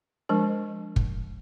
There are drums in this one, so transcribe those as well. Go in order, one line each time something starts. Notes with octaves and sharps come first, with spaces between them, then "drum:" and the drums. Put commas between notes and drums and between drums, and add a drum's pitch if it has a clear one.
F3 G#3 D4 A#4
drum: kick